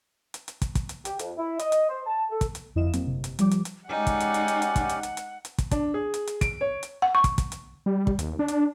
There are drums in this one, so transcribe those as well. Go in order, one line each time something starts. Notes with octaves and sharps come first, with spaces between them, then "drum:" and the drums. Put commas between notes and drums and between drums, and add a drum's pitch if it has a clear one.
drum: hi-hat
drum: hi-hat
drum: kick, hi-hat
drum: kick, hi-hat
drum: hi-hat
G4, drum: hi-hat
F2, drum: hi-hat
E4
D#5, drum: hi-hat
drum: hi-hat
C5
A5
A4
drum: kick, hi-hat
drum: hi-hat
G1 F2 E4 D#5 F5 E7
F#3 A#3 C4, drum: hi-hat
G1 C3
drum: hi-hat
F3 G3 D6, drum: hi-hat
drum: hi-hat
drum: hi-hat
G#3 C#4 D#4 G4 D5 F#5 G#5
drum: kick, hi-hat
drum: hi-hat
drum: hi-hat
drum: hi-hat
drum: hi-hat
drum: kick, hi-hat
drum: hi-hat
drum: hi-hat
drum: hi-hat
drum: hi-hat
drum: kick, hi-hat
D4, drum: kick, hi-hat
G#4
drum: hi-hat
drum: hi-hat
D7, drum: kick, hi-hat
C#5
drum: hi-hat
F#5
C#6
drum: kick, hi-hat
drum: kick, hi-hat
drum: hi-hat
G3
drum: kick
D#2, drum: hi-hat
D4
drum: hi-hat